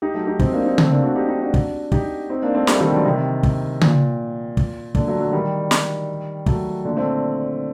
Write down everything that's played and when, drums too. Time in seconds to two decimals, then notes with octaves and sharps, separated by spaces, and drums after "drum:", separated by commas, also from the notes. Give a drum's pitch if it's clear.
0.02 D#4 G4
0.14 F#3 A3
0.27 D#4 G4
0.40 C4 D#4, drum: kick
0.53 A#3 D4
0.65 C4 D#4
0.78 A3 C4, drum: tom C#3
0.90 A#3 D4
1.03 D4 F#4
1.16 D#4 G4
1.28 D#4 G4
1.41 D4 F#4
1.54 drum: kick
1.92 D#4 G4, drum: kick
2.30 C4 D#4
2.43 A#3 D4
2.55 A3 C4
2.67 G3 A#3, drum: snare
2.76 A3
2.80 D#3 G3
2.93 D3 F#3
3.05 C3 D#3
3.43 drum: kick
3.81 A#2, drum: tom C#3
4.57 drum: kick
4.95 A#2 D3, drum: kick
5.07 F#3 A3
5.20 D3 F#3
5.33 D#3 G3
5.71 drum: snare
6.46 F#3 A3, drum: kick
6.85 A#2 D3
6.97 A3 C4